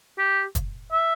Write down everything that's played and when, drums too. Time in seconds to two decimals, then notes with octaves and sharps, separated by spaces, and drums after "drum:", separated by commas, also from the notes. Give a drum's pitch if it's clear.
0.18 G4
0.55 drum: kick, hi-hat
0.92 E5